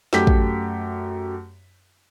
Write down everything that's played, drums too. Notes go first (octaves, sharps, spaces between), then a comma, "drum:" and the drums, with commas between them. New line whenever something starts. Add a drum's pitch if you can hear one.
F#2 A3 G4 D6 G6 B6, drum: snare
drum: kick